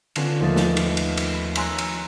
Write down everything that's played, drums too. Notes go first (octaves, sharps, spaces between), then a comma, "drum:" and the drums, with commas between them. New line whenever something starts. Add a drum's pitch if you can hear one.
D3 B3 C#4 F4 B4, drum: cymbal
D#2 F3 A3 D#6 A6
drum: snare
drum: cymbal
drum: cymbal
drum: cymbal
B5
C#5 G#5 A#5 C6 E6 F#6, drum: cymbal
drum: cymbal